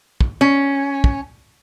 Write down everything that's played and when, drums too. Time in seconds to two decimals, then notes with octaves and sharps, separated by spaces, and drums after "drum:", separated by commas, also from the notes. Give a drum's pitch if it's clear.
0.21 drum: kick
0.41 C#4
1.04 drum: kick